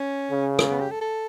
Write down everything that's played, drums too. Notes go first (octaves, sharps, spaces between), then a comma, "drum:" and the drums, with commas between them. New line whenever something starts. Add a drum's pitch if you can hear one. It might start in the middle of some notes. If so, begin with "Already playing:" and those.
Already playing: C#4
C#3
drum: rim click
B3
G4
A4
A4